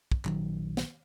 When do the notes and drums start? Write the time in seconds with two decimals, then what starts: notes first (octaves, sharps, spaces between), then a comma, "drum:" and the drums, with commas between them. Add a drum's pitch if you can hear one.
0.12 drum: kick
0.25 A#1 D#3 F#3, drum: clap
0.77 drum: snare